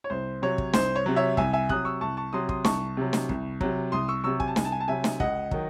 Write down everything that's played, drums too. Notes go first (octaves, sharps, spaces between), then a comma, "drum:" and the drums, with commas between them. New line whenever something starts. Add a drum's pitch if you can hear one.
C#5
C2 C5
C3 F#3 C#5
drum: kick
C2 C5, drum: snare
C#5
C3 F#3
C#5 E5
C2 E5 G#5, drum: kick
E5 G#5
C3 F#3 D#6 F#6, drum: kick
C#6 E6
C2 A5 C#6
A5 C#6
C3 F#3 C6 D#6
C6 D#6, drum: kick
C2 A5 C#6, drum: snare
C3 F#3
drum: snare
C2, drum: kick
C3 F#3, drum: kick
C2 C6 D#6
C#6 E6
C3 F#3 C#6 E6
G#5, drum: kick
A5
C2 G#5, drum: snare
A5
G#5
A5
C3 F#3 E5 G#5
drum: snare
C#2 D#5 F#5, drum: kick
D#3 F#3, drum: kick